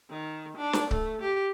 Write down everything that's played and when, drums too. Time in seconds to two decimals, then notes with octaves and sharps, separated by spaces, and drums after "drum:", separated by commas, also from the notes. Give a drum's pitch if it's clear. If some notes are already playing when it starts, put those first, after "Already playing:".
0.10 D#3
0.57 D4
0.73 drum: snare
0.91 A3, drum: kick C#1
1.22 G4